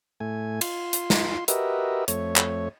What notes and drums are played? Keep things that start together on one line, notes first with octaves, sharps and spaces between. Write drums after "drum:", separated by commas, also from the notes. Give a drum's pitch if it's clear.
A2 A3 G#5
F4 C6, drum: cymbal
drum: hi-hat
drum: snare
F#4 G4 A#4 B4 D#5 E5, drum: hi-hat
F2 A3 C#5, drum: hi-hat
drum: clap